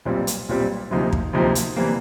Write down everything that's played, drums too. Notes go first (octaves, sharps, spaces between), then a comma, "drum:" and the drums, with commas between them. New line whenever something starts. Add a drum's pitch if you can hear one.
B1 A#2 G3 C4
drum: hi-hat
B1 A#2 G3 C4
D2 C3 F3 A#3 D#4
drum: kick
D2 C3 F3 A#3 D#4
drum: hi-hat
C3 E3 G3 A#3